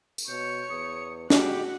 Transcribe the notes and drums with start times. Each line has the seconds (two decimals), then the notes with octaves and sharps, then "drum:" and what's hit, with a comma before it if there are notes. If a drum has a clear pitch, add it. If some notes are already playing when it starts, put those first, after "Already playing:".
0.18 drum: tambourine
0.28 B2 C#5 G6 C#7
0.69 E2 D#6
1.30 G#3 F#4 G4 F#5, drum: snare